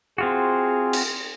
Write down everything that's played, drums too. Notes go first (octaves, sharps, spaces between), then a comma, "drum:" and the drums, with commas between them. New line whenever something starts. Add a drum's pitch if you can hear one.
C4 F4 F#4 G#4
drum: cymbal